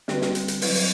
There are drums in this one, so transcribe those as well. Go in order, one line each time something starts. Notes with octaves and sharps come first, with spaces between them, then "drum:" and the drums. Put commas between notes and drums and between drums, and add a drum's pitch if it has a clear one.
D3 G3 C4 F#4 B4, drum: snare
drum: snare
drum: hi-hat
drum: hi-hat
D3 F#3 C4 E4 B4, drum: open hi-hat
drum: open hi-hat